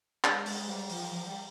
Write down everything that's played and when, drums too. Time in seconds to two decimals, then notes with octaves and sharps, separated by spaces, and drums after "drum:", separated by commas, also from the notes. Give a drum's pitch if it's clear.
0.24 G#3, drum: clap
0.46 G#3, drum: open hi-hat
0.68 G3
0.90 F3, drum: open hi-hat
1.12 F3
1.26 G3